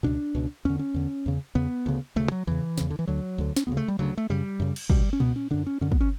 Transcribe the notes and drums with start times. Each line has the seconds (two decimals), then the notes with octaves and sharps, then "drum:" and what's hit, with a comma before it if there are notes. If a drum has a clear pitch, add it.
0.03 C#2 B2 D4
0.35 C#2 B2
0.65 E2 D3 C#4
0.79 C#4
0.94 E2 D3
1.26 E2 C#3
1.55 E2 C#3 B3
1.86 D2 C#3
2.16 D2 C#3 A3
2.32 F#3
2.47 E2 C#3 E3
2.78 E2 C#3, drum: snare
2.90 D3
2.99 E3
3.07 D2 D3 F#3
3.38 D2 D3
3.56 C#4, drum: snare
3.67 D2 C#3 B3
3.77 A3
3.88 G3
3.99 D2 C#3 F#3
4.17 A3
4.29 F#2 C#3 G3
4.60 F#2 C#3
4.76 drum: cymbal
4.90 C#2 B2 G3, drum: kick
5.13 C#4
5.20 C#2 B2 B3, drum: tom A#2
5.36 C#4
5.51 F#2 D3 D4
5.67 C#4
5.81 F#2 D3 C#4
5.92 B3, drum: kick
6.01 C#4